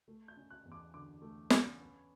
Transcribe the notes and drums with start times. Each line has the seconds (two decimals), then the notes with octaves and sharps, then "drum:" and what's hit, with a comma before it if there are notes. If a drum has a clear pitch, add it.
0.08 A3
0.28 G6
0.37 C#4
0.50 F#6
0.65 E2
0.72 D6
0.94 D3 D6
1.22 A3
1.50 C#4, drum: snare
1.79 B3